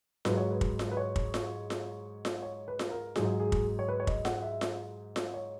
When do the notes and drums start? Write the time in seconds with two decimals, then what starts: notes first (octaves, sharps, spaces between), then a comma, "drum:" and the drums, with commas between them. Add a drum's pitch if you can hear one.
0.25 G#2 F#3 B4, drum: snare F4
0.37 C#5
0.51 B4
0.61 drum: kick
0.79 drum: snare F4
0.91 B4
0.97 C#5
1.16 drum: kick
1.34 drum: snare F4
1.70 drum: snare F4
2.25 drum: snare F4
2.42 C#5
2.68 B4
2.79 drum: snare F4
2.91 A#4
3.16 G#2 F#3 G#4, drum: snare F4
3.40 G#4
3.52 drum: kick
3.79 C#5
3.89 B4
4.00 C#5
4.07 D#5, drum: kick
4.25 F#5, drum: snare F4
4.42 E5
4.61 drum: snare F4
5.16 drum: snare F4
5.34 C#5